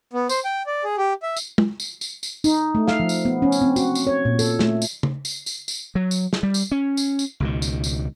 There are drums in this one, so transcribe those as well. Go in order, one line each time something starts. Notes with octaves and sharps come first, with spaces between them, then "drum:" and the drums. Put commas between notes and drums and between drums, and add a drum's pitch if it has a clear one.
B3
C5, drum: tambourine
G5
D5
G#4
G4
E5
drum: tambourine
drum: tom
drum: tambourine
drum: tambourine
drum: tambourine
D#4, drum: tambourine
A3
F5, drum: snare
F3
drum: tambourine
B3
C#4
drum: tambourine
C4
F#4, drum: tambourine
drum: tambourine
C#5
A#2
A4, drum: tambourine
A3, drum: snare
drum: tambourine
drum: tom
drum: tambourine
drum: tambourine
drum: tambourine
F#3
drum: tambourine
drum: snare
G3
drum: tambourine
C#4
drum: tambourine
drum: tambourine
C#2 B2 D#3
drum: tambourine
drum: tambourine